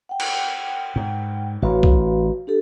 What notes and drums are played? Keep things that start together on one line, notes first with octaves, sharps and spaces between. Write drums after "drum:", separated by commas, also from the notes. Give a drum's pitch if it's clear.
F#5 G5
drum: cymbal
G#2
A1 F#4 B4 F5
drum: kick C2
D4 G4 A4